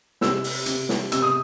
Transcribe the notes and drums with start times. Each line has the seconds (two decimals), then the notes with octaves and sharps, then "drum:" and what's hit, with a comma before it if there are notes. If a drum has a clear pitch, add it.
0.21 C3 E6, drum: snare
0.44 drum: open hi-hat
0.66 C3, drum: hi-hat
0.89 drum: snare
1.12 C3 E6, drum: hi-hat
1.22 D#6